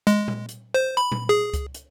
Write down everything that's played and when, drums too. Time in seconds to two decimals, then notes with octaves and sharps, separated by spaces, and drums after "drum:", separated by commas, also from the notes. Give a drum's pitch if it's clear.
0.07 G#3, drum: hi-hat
0.28 drum: tom A#2
0.49 drum: hi-hat
0.74 C5
0.97 B5
1.12 drum: tom A#2
1.29 G#4
1.54 drum: kick C#2, hi-hat
1.74 drum: hi-hat